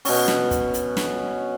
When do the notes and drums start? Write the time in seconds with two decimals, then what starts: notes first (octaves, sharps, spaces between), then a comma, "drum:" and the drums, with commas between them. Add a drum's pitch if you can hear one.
0.05 B2 C#4, drum: open hi-hat
0.28 drum: snare
0.51 drum: kick, hi-hat
0.74 drum: hi-hat
0.97 drum: snare